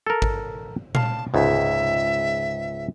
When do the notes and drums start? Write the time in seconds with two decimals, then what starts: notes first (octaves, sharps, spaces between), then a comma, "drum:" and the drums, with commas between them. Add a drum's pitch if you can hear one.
0.07 A4 A#4
0.22 drum: kick
0.95 F5 A5, drum: tom A#2
1.34 C#2 G#2 E5